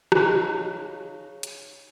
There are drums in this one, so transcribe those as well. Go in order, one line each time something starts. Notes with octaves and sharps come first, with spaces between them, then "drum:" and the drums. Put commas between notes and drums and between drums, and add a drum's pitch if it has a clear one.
C#3 D#4, drum: rim click
drum: hi-hat